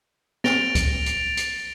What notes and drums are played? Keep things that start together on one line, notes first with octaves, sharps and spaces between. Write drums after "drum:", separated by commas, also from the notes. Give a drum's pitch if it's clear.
A6 A#6 D7 F7 G7, drum: snare
drum: kick C#2, hi-hat
drum: hi-hat
drum: hi-hat